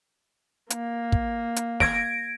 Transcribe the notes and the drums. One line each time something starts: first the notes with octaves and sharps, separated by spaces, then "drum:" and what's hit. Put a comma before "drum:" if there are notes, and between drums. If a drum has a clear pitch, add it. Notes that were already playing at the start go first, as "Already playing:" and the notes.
A#3, drum: hi-hat
drum: kick
drum: hi-hat
G#6 A#6 D7, drum: snare